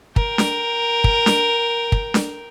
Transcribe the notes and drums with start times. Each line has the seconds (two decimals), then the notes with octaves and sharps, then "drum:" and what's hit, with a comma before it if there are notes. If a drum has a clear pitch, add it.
0.16 A#4 G5, drum: kick
0.38 drum: snare D4
1.04 drum: kick
1.26 drum: snare D4
1.92 drum: kick
2.14 drum: snare D4